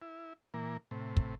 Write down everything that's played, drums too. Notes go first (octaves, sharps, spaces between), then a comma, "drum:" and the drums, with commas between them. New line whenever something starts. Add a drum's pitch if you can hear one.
E4
A#2 E3 A#3
A2 C3
drum: kick